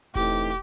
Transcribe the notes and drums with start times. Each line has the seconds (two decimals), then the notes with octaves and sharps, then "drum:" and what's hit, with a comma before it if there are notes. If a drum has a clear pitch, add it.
0.15 A2 E3 A3 C4 D#4 G4, drum: kick E1, hi-hat